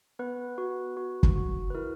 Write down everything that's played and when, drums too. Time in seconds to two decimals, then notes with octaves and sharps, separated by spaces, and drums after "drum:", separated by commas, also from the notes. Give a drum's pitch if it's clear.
0.19 B3 B4
0.58 F#4
0.97 F#4
1.23 drum: kick
1.36 F#4
1.70 B4
1.75 E4 A#4